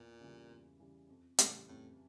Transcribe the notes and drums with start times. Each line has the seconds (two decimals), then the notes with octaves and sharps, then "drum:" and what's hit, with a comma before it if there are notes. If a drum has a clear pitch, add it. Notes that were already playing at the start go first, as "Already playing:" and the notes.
Already playing: E2 A#2
0.21 C#3 E3 G3
0.50 E2
0.80 C#3 E3 G3
1.09 F2
1.38 A2 C#3 E3 G3, drum: hi-hat
1.68 F2 A2